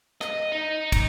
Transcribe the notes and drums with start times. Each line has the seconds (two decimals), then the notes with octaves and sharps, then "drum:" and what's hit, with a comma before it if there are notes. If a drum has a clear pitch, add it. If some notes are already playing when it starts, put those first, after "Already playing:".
0.21 D#5, drum: rim click
0.52 D#4
0.92 drum: kick, cymbal